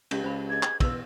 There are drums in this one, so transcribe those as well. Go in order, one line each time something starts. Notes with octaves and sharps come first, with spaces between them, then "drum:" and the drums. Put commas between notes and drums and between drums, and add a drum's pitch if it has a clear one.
C#2 C#4 G4, drum: cymbal
C#2 C5 F5 B5
D4 G#4 D#5 G#6
drum: clap
E2 A#4 B4 C6 E6, drum: kick, cymbal